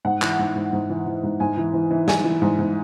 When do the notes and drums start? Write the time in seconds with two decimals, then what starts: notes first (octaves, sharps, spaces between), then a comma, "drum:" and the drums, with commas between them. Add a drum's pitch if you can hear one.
0.05 G#2 F#5
0.22 E3, drum: clap
0.39 G#2
0.55 G#2
0.73 G#2
0.90 E3
1.06 E3
1.23 G#2
1.40 G#2 G#5
1.57 E3
1.74 E3
1.91 E3
2.08 E3 G#5, drum: snare
2.24 E3
2.42 G#2
2.59 G#2